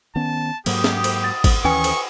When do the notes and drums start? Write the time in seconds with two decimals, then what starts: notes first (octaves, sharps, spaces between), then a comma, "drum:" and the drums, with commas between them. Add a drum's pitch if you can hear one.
0.15 D#3 B3 C#4 A5
0.66 G#2 F#3 A#3 G4 D#6, drum: cymbal
0.84 drum: snare
1.04 drum: cymbal
1.24 A6
1.44 drum: kick G#1, cymbal
1.64 D#2 E3 C#4 B4 G5 G#5 C#6
1.84 drum: cymbal